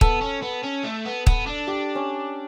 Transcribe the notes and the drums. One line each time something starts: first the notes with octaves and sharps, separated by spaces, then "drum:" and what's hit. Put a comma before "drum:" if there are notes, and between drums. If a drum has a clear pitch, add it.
B3 A4, drum: kick
C#4
B3
C#4
A3
B3
B3, drum: kick
D4
G4
C#4